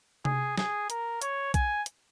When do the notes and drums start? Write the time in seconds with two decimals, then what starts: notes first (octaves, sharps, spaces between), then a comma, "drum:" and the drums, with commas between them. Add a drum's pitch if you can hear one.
0.25 G#4, drum: tom C3
0.58 G#4, drum: snare
0.90 A#4, drum: hi-hat
1.22 C#5, drum: hi-hat
1.54 G#5, drum: kick B1, hi-hat
1.86 drum: hi-hat